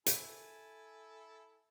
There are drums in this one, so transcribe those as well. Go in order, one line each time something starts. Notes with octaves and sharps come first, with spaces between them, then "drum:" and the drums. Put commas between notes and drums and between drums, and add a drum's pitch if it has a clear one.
E4 A4 G#5, drum: hi-hat